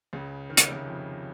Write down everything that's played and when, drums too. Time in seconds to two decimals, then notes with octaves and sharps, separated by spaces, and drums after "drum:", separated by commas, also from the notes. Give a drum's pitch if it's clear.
0.13 C#2 C#3
0.50 D#3
0.57 C#3, drum: hi-hat
0.64 C3
0.72 C#2 C#3
0.86 F2 F3